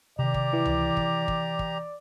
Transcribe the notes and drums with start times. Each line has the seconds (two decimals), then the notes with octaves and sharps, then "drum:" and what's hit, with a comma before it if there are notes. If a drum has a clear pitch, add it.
0.19 C3 D#3 G4 D5 A#5
0.34 drum: kick
0.53 E3
0.66 drum: tom C#2
0.97 drum: kick
1.28 drum: kick
1.59 drum: kick